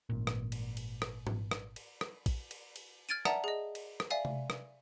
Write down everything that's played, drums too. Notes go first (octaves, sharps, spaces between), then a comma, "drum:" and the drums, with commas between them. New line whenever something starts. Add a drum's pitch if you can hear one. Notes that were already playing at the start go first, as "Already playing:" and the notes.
G#1 A#2
drum: rim click
drum: cymbal
drum: cymbal
drum: rim click
drum: tom G#2
drum: rim click
drum: cymbal
drum: rim click
drum: kick A#1, cymbal
drum: cymbal
drum: cymbal
F6 G#6 A6 D7 D#7
D5 E5 F#5 A5 A#5, drum: rim click
G#4 D#5
drum: cymbal
drum: rim click
D5 E5 F5 G#5
drum: tom C3
drum: rim click